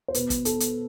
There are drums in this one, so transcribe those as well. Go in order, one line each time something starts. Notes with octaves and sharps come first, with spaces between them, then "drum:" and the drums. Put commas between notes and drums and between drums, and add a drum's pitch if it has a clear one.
C5
B2 B3 B4, drum: hi-hat
drum: kick, hi-hat
A4, drum: hi-hat
drum: hi-hat